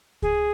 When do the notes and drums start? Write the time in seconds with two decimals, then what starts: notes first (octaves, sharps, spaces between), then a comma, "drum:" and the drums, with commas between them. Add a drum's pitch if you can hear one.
0.22 G#4, drum: kick C#2